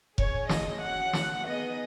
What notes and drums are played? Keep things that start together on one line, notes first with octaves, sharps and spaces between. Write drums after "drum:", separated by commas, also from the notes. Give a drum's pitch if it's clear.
C#4 G#4 C#5, drum: kick F1
D#5, drum: snare
C#4 F#4 F#5
drum: snare
B3 D#4 G#4 D#5